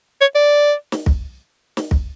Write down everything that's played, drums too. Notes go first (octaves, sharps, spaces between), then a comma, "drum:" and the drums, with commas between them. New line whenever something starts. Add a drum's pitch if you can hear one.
C#5
D5
drum: snare
drum: kick
drum: snare
drum: kick